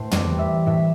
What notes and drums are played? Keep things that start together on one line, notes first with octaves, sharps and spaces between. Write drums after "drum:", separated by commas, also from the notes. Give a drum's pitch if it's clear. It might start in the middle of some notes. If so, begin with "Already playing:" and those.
Already playing: A2 A3 C5
D5, drum: tom
E3 G3
E5
A2 E5